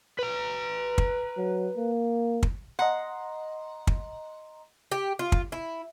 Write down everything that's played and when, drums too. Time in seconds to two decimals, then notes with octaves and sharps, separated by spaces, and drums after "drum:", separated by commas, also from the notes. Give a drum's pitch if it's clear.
0.19 B4 A#5
0.98 drum: kick
1.37 F#3
1.77 A#3
2.43 drum: kick
2.79 D#5 F#5 A#5 C6
3.87 drum: kick
4.92 G4
5.19 F4
5.32 drum: kick
5.52 E4